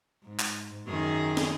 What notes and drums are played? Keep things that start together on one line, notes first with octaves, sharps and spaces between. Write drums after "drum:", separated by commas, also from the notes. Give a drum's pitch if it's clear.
G#2
drum: clap
F#2 D#3 G#4
drum: snare